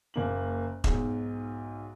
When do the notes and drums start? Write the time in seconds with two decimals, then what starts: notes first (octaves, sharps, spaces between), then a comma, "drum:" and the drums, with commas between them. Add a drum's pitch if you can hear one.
0.14 F#1 A#3 F#7
0.84 B1 G#2, drum: kick E1